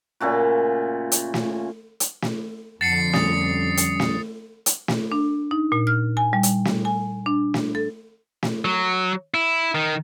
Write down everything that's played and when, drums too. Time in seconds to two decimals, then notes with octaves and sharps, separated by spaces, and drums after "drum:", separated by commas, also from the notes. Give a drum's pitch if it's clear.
0.20 A#2 C#3 A3 F#4
1.12 drum: hi-hat
1.34 drum: snare
2.00 drum: hi-hat
2.22 drum: snare
2.81 F2 D3 F#5 A5 A6 C7 C#7
3.13 G3 C#4 D#6 A6, drum: snare
3.77 drum: hi-hat
4.00 drum: snare
4.66 drum: hi-hat
4.88 drum: snare
5.12 D4
5.51 D#4
5.72 A#2
5.87 F6
6.17 G#5
6.33 G3
6.43 drum: hi-hat
6.65 drum: snare
6.85 G#5
7.26 D4
7.54 drum: snare
7.75 A4
8.43 drum: snare
8.65 F#3
9.34 E4
9.75 D#3